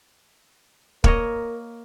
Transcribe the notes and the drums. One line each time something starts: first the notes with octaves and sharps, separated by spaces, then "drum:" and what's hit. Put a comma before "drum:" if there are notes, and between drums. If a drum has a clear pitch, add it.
A#3 A#4 C#5 D#5, drum: kick